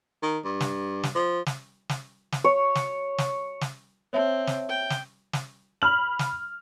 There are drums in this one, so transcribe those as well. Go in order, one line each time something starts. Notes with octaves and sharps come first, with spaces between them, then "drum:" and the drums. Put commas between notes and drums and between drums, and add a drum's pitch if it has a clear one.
D#3
G2
drum: snare
drum: snare
F3
drum: snare
drum: snare
drum: snare
C#5
drum: snare
drum: snare
drum: snare
C4 C#5 E5 A5
drum: snare
G5
drum: snare
drum: snare
B5 F6 F#7
drum: snare